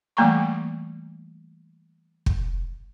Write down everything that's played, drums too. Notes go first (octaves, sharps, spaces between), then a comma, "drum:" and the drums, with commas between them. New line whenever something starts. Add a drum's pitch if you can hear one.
E3 G3 A3 A#3 A#5 C#6
drum: kick